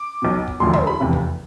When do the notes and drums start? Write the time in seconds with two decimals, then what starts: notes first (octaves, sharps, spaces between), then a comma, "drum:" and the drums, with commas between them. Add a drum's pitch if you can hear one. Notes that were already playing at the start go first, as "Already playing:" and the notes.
Already playing: D6
0.22 B1 B2
0.48 drum: kick
0.60 E1 D2 D3 F3 C6
0.73 C6, drum: tom
0.87 B5
1.00 F1 E2 C3 E3
1.13 drum: kick